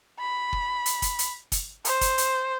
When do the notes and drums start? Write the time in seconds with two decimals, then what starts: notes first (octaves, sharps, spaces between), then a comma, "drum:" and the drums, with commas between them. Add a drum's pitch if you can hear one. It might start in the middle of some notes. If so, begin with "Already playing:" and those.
0.20 B5
0.53 drum: kick
0.86 drum: hi-hat
1.02 drum: kick, hi-hat
1.19 drum: hi-hat
1.52 drum: kick, hi-hat
1.85 C5, drum: hi-hat
2.01 drum: kick, hi-hat
2.18 drum: hi-hat